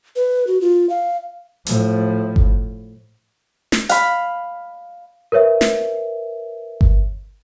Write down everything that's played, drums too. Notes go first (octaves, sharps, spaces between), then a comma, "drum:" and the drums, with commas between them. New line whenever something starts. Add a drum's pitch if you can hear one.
B4
F#4
F4
F5
A2 F3, drum: hi-hat
drum: kick G1
drum: snare
F5 B5, drum: hi-hat
A#4 B4 C#5 E5
drum: snare
drum: kick G1